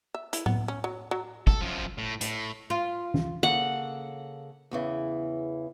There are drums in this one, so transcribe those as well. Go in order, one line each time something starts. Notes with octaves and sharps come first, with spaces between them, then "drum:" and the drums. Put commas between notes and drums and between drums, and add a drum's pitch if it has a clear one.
E5
E4, drum: hi-hat
B3, drum: tom A2
C#4
F#3
F#3
A4, drum: kick
F#2 F3
A2
A2, drum: hi-hat
F4
drum: tom
C#3 A#3 A4 F#5
E2 C#3 E3